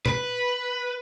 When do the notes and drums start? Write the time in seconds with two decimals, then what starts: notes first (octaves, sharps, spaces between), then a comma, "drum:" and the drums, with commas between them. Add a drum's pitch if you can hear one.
0.06 B4, drum: tom A#2